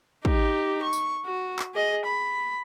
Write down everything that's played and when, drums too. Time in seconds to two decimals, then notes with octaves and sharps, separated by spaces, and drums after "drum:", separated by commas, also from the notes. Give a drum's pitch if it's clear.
0.25 D#4 G4, drum: kick
0.82 C#6
0.93 drum: tambourine
1.25 F#4
1.59 drum: clap
1.75 G#4 D#5
2.05 B5